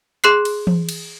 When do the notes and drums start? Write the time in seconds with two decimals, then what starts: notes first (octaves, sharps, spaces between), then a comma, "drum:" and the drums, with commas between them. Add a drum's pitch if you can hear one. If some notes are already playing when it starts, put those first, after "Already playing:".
0.24 G#4 C6 F#6 C7
0.45 drum: cymbal
0.67 drum: tom E3
0.89 drum: cymbal